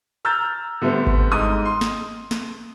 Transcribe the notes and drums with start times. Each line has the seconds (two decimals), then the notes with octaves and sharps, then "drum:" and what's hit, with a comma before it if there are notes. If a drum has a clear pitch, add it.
0.25 A#5 E6 F6 G6 A6
0.82 D3 G3 A3 B3 C4
1.07 drum: kick G#1
1.32 G#2 D#6
1.65 C6
1.81 drum: snare
2.31 drum: snare